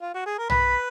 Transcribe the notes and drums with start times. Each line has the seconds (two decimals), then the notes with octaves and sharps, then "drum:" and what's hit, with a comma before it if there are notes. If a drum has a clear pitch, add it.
0.02 F4
0.14 F#4
0.26 G#4
0.38 A#4
0.50 B4 B5, drum: tom B1